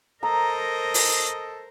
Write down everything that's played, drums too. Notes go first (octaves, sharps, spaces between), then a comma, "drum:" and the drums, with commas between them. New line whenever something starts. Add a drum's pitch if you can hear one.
A4 A#4 C5 D#5 A#5
drum: open hi-hat